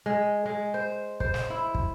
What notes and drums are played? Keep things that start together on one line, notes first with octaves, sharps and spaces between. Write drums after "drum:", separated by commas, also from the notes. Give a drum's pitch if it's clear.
G#3
G#3
C5
C5, drum: kick
drum: snare
E4
drum: kick